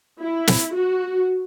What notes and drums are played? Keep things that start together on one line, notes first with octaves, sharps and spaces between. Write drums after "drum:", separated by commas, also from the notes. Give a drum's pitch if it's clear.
E4
drum: snare
F#4